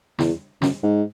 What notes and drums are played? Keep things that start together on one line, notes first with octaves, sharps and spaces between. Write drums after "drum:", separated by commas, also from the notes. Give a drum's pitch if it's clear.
E2, drum: snare
F#2, drum: snare
G#2